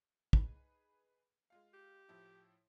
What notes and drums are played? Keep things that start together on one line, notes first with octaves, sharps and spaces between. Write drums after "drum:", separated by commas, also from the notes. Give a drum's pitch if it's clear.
D#4 G#4 B4, drum: kick
G#3 F4 F5
G4
A2 F3 E4